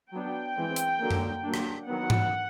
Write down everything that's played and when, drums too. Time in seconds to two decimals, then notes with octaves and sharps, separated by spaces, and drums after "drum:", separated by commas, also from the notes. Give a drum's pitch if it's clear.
0.13 F#3 B3 D4 G5
0.56 E3 G#3 C4
0.76 drum: hi-hat
1.00 D3 F#3 A#3
1.11 drum: tom F#2
1.43 F#3 A#3 D4
1.54 drum: rim click
1.87 D#3 F#3 B3 F#5
2.10 drum: tom G#2